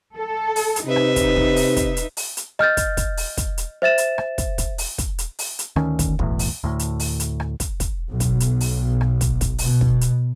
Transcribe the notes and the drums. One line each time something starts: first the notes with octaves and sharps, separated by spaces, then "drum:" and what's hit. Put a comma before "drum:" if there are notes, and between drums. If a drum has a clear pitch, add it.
A4
drum: open hi-hat
drum: hi-hat
C3 D#4 B4 E5
drum: rim click
drum: kick, hi-hat
drum: kick
drum: open hi-hat
drum: kick, hi-hat
drum: hi-hat
drum: open hi-hat
drum: hi-hat
D#5 F6 G6 A6, drum: rim click
drum: kick, hi-hat
drum: kick, hi-hat
drum: open hi-hat
drum: kick, hi-hat
drum: hi-hat
C5 E5 A6 E7
drum: hi-hat
drum: rim click
drum: kick, hi-hat
drum: kick, hi-hat
drum: open hi-hat
drum: kick, hi-hat
drum: hi-hat
drum: open hi-hat
drum: hi-hat
D2 D#3 C#4, drum: rim click
drum: kick, hi-hat
B1 E2 A2, drum: kick
drum: open hi-hat
D2 A2
drum: hi-hat
drum: open hi-hat
drum: hi-hat
drum: rim click
drum: kick, hi-hat
drum: kick, hi-hat
B1
drum: kick, hi-hat
drum: hi-hat
drum: open hi-hat
drum: rim click
drum: kick, hi-hat
drum: kick, hi-hat
B2, drum: open hi-hat
drum: kick
drum: hi-hat